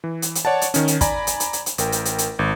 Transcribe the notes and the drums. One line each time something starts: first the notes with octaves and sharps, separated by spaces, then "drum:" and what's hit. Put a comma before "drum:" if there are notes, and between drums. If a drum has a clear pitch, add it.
E3
drum: hi-hat
drum: hi-hat
C#5 D5 F#5 A5
drum: hi-hat
D#3 C#4, drum: hi-hat
drum: hi-hat
D5 G#5 A#5 B5, drum: kick, hi-hat
drum: hi-hat
drum: hi-hat
drum: hi-hat
drum: hi-hat
A1 A#4 G5, drum: hi-hat
drum: hi-hat
drum: hi-hat
drum: hi-hat
G#1